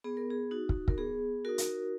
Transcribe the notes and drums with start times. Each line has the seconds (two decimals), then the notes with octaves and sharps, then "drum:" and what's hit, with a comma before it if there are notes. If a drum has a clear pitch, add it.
0.04 B3 G#4
0.17 A#4
0.30 G#4
0.51 D#4 F#4
0.69 drum: kick
0.88 A#4, drum: kick
0.97 B3 G#4
1.45 D#4 F#4 A#4
1.58 drum: hi-hat